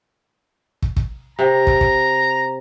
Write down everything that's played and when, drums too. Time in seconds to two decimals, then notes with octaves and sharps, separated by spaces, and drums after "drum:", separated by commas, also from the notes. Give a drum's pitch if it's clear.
0.82 drum: kick
0.96 drum: kick
1.39 C3 A#5
1.67 drum: kick
1.81 drum: kick